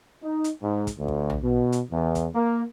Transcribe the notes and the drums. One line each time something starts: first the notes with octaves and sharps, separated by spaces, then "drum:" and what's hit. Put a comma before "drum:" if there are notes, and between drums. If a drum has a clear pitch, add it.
D#4
drum: hi-hat
G#2
drum: kick, hi-hat
D2
drum: kick
drum: tom B1
B2
drum: hi-hat
E2
drum: kick, hi-hat
A#3